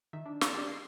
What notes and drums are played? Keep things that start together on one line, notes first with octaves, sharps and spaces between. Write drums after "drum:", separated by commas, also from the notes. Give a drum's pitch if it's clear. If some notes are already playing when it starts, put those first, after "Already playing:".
D#3 E5
D4
A4 D5 A5 A#5 C#6 F6, drum: snare
G#3 C4 D4 G4 D5
C7